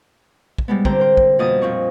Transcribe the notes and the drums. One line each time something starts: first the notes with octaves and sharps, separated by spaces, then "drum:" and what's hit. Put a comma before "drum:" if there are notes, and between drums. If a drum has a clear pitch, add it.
drum: kick
G3 G#3 B3
D3 C4 G4 C5 G5 A#5, drum: kick
A#4 C5
drum: kick
F2 B2 A#3 D#5 A5 D#6
A#2 C4 C#6